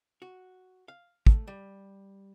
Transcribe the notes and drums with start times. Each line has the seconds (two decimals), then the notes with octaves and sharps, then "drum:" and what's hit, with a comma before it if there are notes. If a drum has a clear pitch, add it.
0.22 F#4
0.88 F5
1.27 A3, drum: kick
1.47 G3